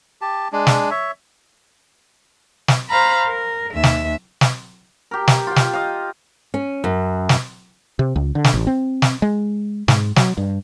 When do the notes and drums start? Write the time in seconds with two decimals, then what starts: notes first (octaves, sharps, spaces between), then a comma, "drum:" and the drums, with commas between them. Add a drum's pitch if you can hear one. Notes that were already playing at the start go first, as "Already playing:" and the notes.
0.21 G4 A5
0.52 G#3 D4
0.67 drum: snare
0.91 C#5 E5
2.68 drum: snare
2.90 C5 F5 A#5 B5
3.27 A#4
3.74 D#2 E5
3.83 drum: snare
4.41 drum: snare
5.11 G4 A#4
5.28 drum: snare
5.47 F4 G5
5.56 drum: snare
5.73 D#5 F5
6.54 C#4
6.84 F#2
7.29 drum: snare
7.99 C3
8.16 C#2
8.35 D3
8.44 drum: snare
8.54 A1
8.67 C4
9.02 drum: snare
9.22 G#3
9.88 G#2, drum: snare
10.16 F#3, drum: snare
10.37 G2